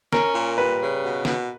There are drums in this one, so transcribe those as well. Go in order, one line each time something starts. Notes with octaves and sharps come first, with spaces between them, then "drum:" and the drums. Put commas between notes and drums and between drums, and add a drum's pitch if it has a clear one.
C#4 A#4, drum: snare
A#2
G3 B4
C#3
B2
B2, drum: snare